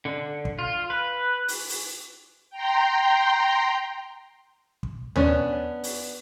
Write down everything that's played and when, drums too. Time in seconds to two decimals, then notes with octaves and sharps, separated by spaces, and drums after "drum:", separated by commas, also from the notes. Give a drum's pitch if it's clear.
0.05 D3
0.45 drum: kick
0.59 F4
0.90 B4
1.48 drum: open hi-hat
1.69 drum: open hi-hat
2.50 G5 A#5 C6
4.83 drum: kick
5.16 B3 C#4 D4, drum: tom D#2
5.84 drum: open hi-hat